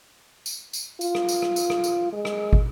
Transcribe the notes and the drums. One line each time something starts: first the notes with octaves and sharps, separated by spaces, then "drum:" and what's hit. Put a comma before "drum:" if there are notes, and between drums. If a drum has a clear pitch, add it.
drum: tambourine
drum: tambourine
F4, drum: tambourine
drum: rim click
drum: tambourine
drum: rim click
drum: tambourine
drum: rim click
drum: tambourine
G#3
drum: rim click
drum: kick